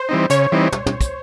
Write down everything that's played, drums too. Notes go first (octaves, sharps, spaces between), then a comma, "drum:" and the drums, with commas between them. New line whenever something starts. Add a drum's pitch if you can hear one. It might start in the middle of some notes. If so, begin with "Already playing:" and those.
Already playing: C5
E3 G3 C4 D#4
C#3 C#5, drum: hi-hat
E3 G3 C4 D#4
drum: tom
drum: tom
drum: kick, hi-hat